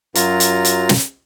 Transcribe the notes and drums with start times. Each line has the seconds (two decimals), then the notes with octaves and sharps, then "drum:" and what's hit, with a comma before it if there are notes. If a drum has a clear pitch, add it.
0.15 F#2 F#3 F4 A#5, drum: hi-hat
0.40 drum: hi-hat
0.65 drum: hi-hat
0.89 drum: snare